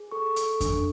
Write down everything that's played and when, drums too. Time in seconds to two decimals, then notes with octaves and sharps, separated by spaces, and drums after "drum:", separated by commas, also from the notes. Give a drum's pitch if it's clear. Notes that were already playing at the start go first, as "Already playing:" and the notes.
Already playing: G#4
0.11 A4 C#6
0.36 A4, drum: hi-hat
0.61 D4, drum: kick F2, hi-hat